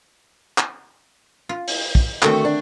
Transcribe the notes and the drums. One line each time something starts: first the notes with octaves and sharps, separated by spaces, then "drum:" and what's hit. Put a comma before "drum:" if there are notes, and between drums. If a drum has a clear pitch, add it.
drum: clap
F4
drum: open hi-hat
drum: kick
D3 D#3 A3 C4 F#4, drum: clap
D4